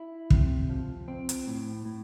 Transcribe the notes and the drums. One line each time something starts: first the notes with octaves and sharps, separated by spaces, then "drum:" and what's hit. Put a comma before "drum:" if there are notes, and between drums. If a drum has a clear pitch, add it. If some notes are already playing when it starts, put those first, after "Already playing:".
Already playing: E4
C3, drum: kick
F3
C4
drum: hi-hat
A2
A2